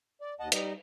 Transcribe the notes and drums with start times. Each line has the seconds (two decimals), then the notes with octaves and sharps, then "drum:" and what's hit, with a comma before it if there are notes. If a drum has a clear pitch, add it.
0.21 D5
0.40 D#2 D#5 F#5 A5
0.52 G3 D#4 D#5, drum: hi-hat